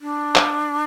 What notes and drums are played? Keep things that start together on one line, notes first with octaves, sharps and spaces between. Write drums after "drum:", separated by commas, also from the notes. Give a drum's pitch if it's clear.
D4
drum: clap